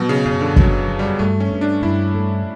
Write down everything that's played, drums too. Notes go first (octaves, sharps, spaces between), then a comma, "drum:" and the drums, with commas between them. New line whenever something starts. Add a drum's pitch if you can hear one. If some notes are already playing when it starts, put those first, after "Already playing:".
Already playing: B2 F#3
C#3
F#2 C#3
D3
F#2 F#3, drum: kick
F#3
G3
G2 A3
C#4
G2
D4
G2 E4
A3